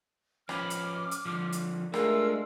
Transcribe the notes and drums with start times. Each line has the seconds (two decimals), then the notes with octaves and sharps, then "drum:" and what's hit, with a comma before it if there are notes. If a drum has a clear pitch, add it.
0.49 F3 C#4 B4 D6 F6, drum: rim click
0.70 drum: hi-hat
1.11 drum: hi-hat
1.25 D3 F3
1.52 drum: hi-hat
1.94 G#3 A3 D4 F4 G#4 A#4 E6, drum: rim click